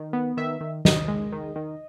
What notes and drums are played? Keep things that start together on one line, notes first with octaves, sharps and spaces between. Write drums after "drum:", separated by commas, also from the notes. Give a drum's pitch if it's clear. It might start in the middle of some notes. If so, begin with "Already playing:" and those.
Already playing: D#3
B3
D#3 E5
D#3
D#3 D#5, drum: snare
G#3
D#3
D#3